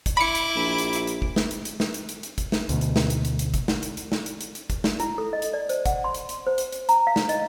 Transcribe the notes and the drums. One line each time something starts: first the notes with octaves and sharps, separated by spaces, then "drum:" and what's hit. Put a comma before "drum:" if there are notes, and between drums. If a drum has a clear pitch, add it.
drum: kick, hi-hat
E4 B5 D6 C#7
drum: hi-hat
A#1
drum: hi-hat
drum: hi-hat
drum: hi-hat
drum: kick
drum: snare
drum: hi-hat
drum: hi-hat
drum: snare
drum: hi-hat
drum: hi-hat
drum: hi-hat
drum: kick, hi-hat
drum: snare
D2 B2, drum: hi-hat
drum: hi-hat
drum: snare
drum: hi-hat
drum: hi-hat
drum: hi-hat
drum: kick, hi-hat
drum: snare
drum: hi-hat
drum: hi-hat
drum: snare
drum: hi-hat
drum: hi-hat
drum: hi-hat
drum: kick, hi-hat
drum: snare
E4, drum: hi-hat
A4
D#5
drum: hi-hat
D5
C5, drum: hi-hat
F#5, drum: kick, hi-hat
C6
drum: hi-hat
drum: hi-hat
C5
drum: hi-hat
drum: hi-hat
A#5, drum: hi-hat
F5
drum: snare
D#5, drum: hi-hat